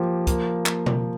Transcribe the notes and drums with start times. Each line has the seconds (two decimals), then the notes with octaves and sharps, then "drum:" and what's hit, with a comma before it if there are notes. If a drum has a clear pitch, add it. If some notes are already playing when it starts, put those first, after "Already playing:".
Already playing: F3 A#3 G4
0.27 A#3, drum: kick, hi-hat
0.66 A#3, drum: clap
0.86 drum: tom B2